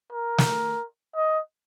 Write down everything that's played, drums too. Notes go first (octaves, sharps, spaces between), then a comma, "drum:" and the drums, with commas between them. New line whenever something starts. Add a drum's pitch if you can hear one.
A#4
drum: snare
D#5